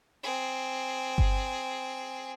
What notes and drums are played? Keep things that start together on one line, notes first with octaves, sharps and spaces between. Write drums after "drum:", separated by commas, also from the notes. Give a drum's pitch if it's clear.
C4 G#4
drum: kick G1